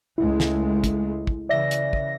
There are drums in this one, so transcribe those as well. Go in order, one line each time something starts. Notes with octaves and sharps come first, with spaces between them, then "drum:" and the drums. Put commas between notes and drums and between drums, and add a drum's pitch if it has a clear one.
C#2 G#3 A3 E4
drum: snare
drum: kick, hi-hat
drum: kick
C#3 E3 D5 E5 A#6
drum: hi-hat
drum: kick